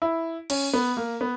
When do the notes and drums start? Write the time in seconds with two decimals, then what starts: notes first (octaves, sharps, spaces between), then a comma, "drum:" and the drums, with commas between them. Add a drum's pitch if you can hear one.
0.02 E4
0.50 C#4, drum: cymbal
0.73 B3
0.97 A#3
1.21 B3